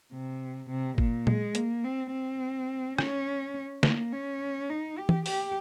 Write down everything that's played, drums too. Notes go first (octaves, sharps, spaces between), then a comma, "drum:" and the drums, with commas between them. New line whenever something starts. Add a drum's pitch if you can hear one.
C3
C3
A#2, drum: kick G1
G#3, drum: tom A#2
A#3, drum: hi-hat
C4
C4
C#4, drum: rim click
A#3, drum: snare
C#4
D#4
G4
drum: tom E3
G4, drum: open hi-hat